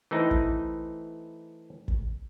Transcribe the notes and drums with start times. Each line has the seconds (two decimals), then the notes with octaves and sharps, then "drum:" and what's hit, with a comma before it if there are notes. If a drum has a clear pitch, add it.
0.11 E3 A3 C4 D#4 E4
0.31 drum: kick
1.88 drum: kick